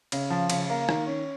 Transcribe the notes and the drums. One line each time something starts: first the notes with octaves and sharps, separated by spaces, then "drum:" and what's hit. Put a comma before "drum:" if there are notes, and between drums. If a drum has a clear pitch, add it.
C#3, drum: cymbal
F3
C#3, drum: cymbal
A#3
D#3, drum: rim click
C#4